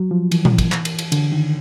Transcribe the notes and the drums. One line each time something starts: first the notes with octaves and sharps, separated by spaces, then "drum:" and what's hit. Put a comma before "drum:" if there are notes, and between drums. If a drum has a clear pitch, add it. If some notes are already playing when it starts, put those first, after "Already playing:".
Already playing: F#3
F3
E3, drum: cymbal
drum: tom A#2
drum: kick, cymbal
drum: clap
drum: cymbal
drum: cymbal
D3, drum: cymbal
D#3